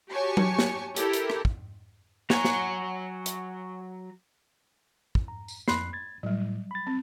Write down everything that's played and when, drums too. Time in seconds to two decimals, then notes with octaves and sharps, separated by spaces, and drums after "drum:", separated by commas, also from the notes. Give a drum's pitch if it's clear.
0.11 F#4 G4 C#5 G#5 A5 C#6
0.37 drum: tom F#3
0.59 drum: snare
0.96 E4 G4 A4 A#4, drum: hi-hat
1.13 drum: hi-hat
1.30 drum: rim click
1.45 drum: kick
2.30 F#3 F#4 C#5 G#5 A#5, drum: snare
2.45 drum: snare
3.26 drum: hi-hat
5.15 drum: kick
5.28 A#5
5.48 drum: tambourine
5.68 F2 B5 C6 F#6 C7, drum: snare
5.93 G#6 A6
6.23 A2 F#3 G3
6.71 B5 A6
6.87 C4